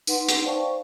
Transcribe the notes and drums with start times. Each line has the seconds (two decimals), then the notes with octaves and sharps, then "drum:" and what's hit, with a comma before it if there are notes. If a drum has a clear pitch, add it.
0.07 D#4 B4 F#5 C6, drum: tambourine
0.29 drum: hi-hat
0.45 C5 D5 F5 G5 A5 C#6